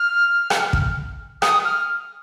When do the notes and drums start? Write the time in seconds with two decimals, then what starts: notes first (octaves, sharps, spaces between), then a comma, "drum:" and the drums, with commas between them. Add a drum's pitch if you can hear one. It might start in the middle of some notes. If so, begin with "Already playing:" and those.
Already playing: F6
0.50 drum: rim click
0.73 drum: kick
1.42 D#6, drum: rim click
1.65 F6